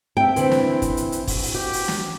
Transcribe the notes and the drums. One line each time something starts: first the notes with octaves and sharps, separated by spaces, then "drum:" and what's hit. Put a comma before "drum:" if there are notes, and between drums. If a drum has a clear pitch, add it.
C4 E5 G5
D3 E3 C4 C5, drum: hi-hat
drum: snare
drum: kick, hi-hat
drum: hi-hat
drum: hi-hat
drum: kick, open hi-hat
drum: open hi-hat
F#4 G4
drum: open hi-hat
drum: snare